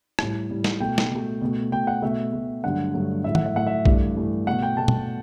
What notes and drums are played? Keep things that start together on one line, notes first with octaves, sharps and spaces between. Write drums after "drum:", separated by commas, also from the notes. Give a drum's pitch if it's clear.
A2 G3, drum: rim click
A2 G3
drum: snare
B2 A3 G5
drum: snare
B2 A3
B2 A3
B2 A3 G5
F#5
B2 A3 E5
B2 A3
G2 D3 F#3 A3 F#5
G2 D3 F#3 A3
A2 F#3 A3 E5
F#5, drum: tom
E5
A2 F#3 A3 F#5
E5
G2 E3 A3 D5, drum: kick B1
G2 E3 A3
B2 A3 F#5
G5
B2 A3 A5
drum: tom